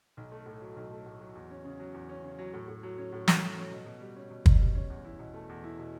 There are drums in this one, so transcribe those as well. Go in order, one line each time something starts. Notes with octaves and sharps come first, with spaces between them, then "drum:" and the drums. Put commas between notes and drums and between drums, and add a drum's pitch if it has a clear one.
B1
A3
A2
F#3
B1
A3
A2
F#3
E2
C#4
C#3
F#3
E2
C#4
C#3
F#3
A2
A2
F#3
C#4
A2
A2, drum: snare
F#3
C#4
B2
B2
G3
C#4
B2
B2, drum: kick
G3
C#4
E2
E4
B2
A3
E2
E4
B2